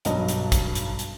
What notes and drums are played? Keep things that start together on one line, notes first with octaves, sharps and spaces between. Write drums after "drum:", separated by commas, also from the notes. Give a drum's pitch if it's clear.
B1 G2 F#3 D#5, drum: hi-hat
drum: hi-hat
drum: kick, hi-hat
drum: hi-hat
drum: hi-hat